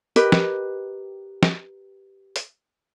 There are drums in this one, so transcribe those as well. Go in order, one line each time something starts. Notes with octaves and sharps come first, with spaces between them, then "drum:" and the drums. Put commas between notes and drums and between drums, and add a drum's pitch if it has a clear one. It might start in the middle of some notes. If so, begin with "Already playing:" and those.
G4 A#4 B4 D#5, drum: hi-hat
drum: snare
drum: snare
drum: hi-hat